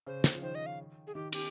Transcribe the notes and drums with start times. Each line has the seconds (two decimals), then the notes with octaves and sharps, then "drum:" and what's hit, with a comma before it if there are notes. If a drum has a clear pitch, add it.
0.07 C#3 C5
0.24 drum: snare
0.33 F3
0.42 D#3 C5
0.55 D#5
0.66 F5
1.07 G#4
1.15 D#3 G4
1.32 G4, drum: cymbal